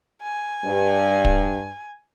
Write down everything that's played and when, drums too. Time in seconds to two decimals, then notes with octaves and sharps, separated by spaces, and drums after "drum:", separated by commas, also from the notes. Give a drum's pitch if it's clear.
0.23 G#5
0.66 G2
1.25 drum: kick